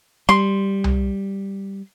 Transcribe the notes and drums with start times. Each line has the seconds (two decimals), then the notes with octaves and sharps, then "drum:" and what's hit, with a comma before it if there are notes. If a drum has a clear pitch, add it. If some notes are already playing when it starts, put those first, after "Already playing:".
0.29 G3 C6
0.84 drum: tom C2